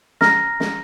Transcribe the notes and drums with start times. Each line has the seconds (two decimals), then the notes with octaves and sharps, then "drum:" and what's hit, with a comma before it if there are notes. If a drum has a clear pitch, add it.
0.21 A#5 F6 A#6, drum: snare
0.60 drum: snare